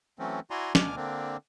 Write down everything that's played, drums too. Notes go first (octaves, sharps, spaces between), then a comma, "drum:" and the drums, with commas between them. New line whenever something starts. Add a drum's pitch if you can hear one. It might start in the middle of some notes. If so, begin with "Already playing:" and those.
E3 F#3 A3 C4 C#4
E4 F#4 D5 G#5 A#5 C6
D2 B2 D4 G#5 D6 F6, drum: snare
D3 A#3 C4 D4